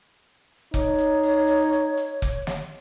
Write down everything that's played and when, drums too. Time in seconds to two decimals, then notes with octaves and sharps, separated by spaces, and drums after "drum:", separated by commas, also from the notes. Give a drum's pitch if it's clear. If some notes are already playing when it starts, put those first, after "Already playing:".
0.74 D#4 C#5, drum: kick F1, hi-hat
0.99 drum: hi-hat
1.23 drum: open hi-hat
1.48 drum: hi-hat
1.73 drum: hi-hat
1.97 drum: hi-hat
2.22 drum: kick F1, hi-hat
2.47 drum: snare